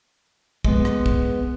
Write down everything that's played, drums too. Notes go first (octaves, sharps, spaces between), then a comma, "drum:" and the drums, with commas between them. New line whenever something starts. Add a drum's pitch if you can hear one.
G#3 B3, drum: kick
drum: rim click
drum: kick